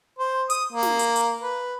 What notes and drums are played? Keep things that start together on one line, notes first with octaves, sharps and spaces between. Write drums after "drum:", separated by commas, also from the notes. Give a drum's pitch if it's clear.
C5
D#6, drum: hi-hat
A#3
drum: snare
drum: hi-hat
drum: hi-hat
B4